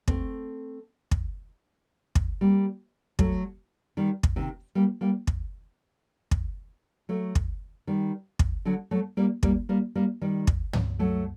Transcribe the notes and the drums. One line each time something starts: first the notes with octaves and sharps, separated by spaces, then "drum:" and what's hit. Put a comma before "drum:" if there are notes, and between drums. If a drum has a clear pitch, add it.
A3 C4, drum: kick
drum: kick
drum: kick
G3 A#3
F#3 A3, drum: kick
D#3 G3
drum: kick
C3 D#3
G3 A#3
G3 A#3
drum: kick
drum: kick
F#3 A3
drum: kick
D#3 G3
drum: kick
D3 F#3
F#3 A3
G3 A#3
G3 A#3, drum: kick
G3 A#3
G3 A#3
D#3 G3
drum: kick
drum: tom
F#3 A3